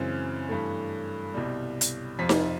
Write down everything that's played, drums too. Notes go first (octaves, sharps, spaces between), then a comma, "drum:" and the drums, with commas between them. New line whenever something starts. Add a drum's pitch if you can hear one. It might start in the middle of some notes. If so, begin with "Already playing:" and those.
Already playing: F#2 C#3 E3 G#3 C4
G2 E3 A3
C2 B2 G3
drum: hi-hat
F2 C3 F3 B6
drum: snare D#4